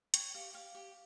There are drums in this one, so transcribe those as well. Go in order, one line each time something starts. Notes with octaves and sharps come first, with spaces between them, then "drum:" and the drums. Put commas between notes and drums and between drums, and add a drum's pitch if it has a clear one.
C#5 G5, drum: hi-hat
G4 F5
G4 F5
G4